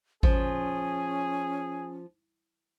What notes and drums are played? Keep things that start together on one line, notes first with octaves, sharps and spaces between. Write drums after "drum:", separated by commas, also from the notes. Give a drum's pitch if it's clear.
F3 C#4 G#4, drum: kick G#1